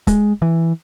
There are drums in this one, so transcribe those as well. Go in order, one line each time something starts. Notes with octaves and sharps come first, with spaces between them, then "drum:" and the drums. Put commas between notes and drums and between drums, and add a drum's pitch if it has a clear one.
G#3, drum: kick, hi-hat
E3